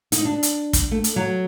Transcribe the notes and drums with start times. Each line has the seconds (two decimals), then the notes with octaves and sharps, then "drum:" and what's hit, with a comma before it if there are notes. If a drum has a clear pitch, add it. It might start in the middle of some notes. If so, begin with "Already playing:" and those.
0.12 D#4, drum: hi-hat
0.25 D4
0.43 drum: hi-hat
0.73 drum: kick, hi-hat
0.91 A3
1.04 drum: hi-hat
1.16 F#3